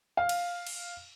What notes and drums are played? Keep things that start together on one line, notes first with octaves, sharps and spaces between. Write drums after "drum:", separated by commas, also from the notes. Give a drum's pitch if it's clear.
F5
drum: cymbal
drum: cymbal